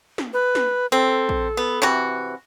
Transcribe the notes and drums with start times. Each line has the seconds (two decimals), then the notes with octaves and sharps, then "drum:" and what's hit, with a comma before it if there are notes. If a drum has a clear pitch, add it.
0.18 drum: snare
0.33 B4
0.55 drum: snare
0.92 C4 A4
1.29 drum: kick A#1
1.57 B3
1.82 C3 E3 F#4